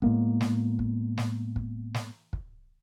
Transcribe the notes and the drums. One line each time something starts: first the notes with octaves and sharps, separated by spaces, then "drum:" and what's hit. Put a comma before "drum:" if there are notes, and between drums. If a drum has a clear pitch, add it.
A2 G#3 A#3 B3, drum: kick
drum: snare
drum: kick
drum: snare
drum: kick
drum: snare
drum: kick